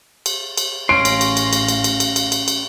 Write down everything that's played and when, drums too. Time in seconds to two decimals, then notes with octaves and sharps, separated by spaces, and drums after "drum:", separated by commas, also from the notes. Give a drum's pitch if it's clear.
0.26 drum: cymbal
0.57 drum: cymbal
0.89 A1 C#4 C#5 F5 C6 A#6 D7
1.05 drum: cymbal
1.21 drum: cymbal
1.37 drum: cymbal
1.53 drum: cymbal
1.68 drum: cymbal
1.84 drum: cymbal
2.00 drum: cymbal
2.16 drum: cymbal
2.32 drum: cymbal
2.48 drum: cymbal